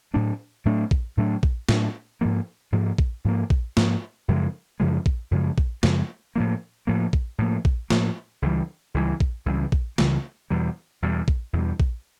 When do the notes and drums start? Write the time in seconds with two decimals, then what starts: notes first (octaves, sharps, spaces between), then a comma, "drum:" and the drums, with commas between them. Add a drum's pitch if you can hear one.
0.14 A2 F#3 A3 D4
0.65 A2 F#3 A3 D4
0.91 drum: kick A#1
1.17 A2 F#3 A3 D4
1.43 drum: kick A#1
1.69 A2 F#3 A3 D4, drum: snare
2.21 G#2 F3 A#3
2.72 G#2 F3 A#3
2.98 drum: kick A#1
3.25 G#2 F3 A#3
3.50 drum: kick A#1
3.77 G#2 F3 A#3, drum: snare
4.28 F#2 C#3 F3 G#3
4.80 F#2 C#3 F3 G#3
5.06 drum: kick A#1
5.31 F#2 C#3 F3 G#3
5.58 drum: kick A#1
5.83 F#2 C#3 F3 G#3, drum: snare
6.36 A2 F3 A#3
6.87 A2 F3 A#3
7.13 drum: kick A#1
7.38 A2 F3 A#3
7.65 drum: kick A#1
7.90 A2 F3 A#3, drum: snare
8.42 C#2 C#3 E3 G3
8.94 C#2 C#3 E3 G3
9.20 drum: kick A#1
9.46 C#2 C#3 E3 G3
9.72 drum: kick A#1
9.98 C#2 C#3 E3 G3, drum: snare
10.50 E2 B2 G3
11.02 E2 B2 G3
11.28 drum: kick A#1
11.53 E2 B2 G3
11.80 drum: kick A#1